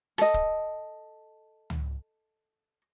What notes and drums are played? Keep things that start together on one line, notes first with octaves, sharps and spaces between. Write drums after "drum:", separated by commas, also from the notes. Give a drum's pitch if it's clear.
A4 D#5, drum: rim click
drum: kick
drum: tom C#2